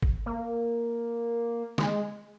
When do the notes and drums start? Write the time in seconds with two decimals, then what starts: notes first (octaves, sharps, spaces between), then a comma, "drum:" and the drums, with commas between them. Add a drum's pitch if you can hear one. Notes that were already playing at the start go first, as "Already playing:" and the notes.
0.02 drum: kick
0.26 A#3
1.78 G#3, drum: snare